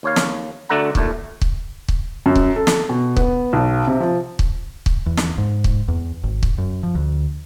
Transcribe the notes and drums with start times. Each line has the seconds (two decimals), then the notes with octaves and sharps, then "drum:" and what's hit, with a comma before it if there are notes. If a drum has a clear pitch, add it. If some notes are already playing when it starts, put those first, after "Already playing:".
0.03 D#2 C#5 F5
0.16 drum: snare
0.69 D2 A3 D4 A4 F#5 A#5
0.95 D#2 A#2 A3, drum: kick
1.41 drum: kick
1.88 drum: kick
2.26 F#2
2.35 drum: kick
2.56 A4
2.67 drum: snare
2.89 B2
3.17 B3, drum: kick
3.53 B1
3.87 C3
4.00 F3
4.39 drum: kick
4.86 drum: kick
5.06 E2
5.17 drum: snare
5.38 G#2
5.64 drum: kick
5.88 E2
6.24 G#1
6.43 drum: kick
6.58 F#2
6.83 F3
6.95 D2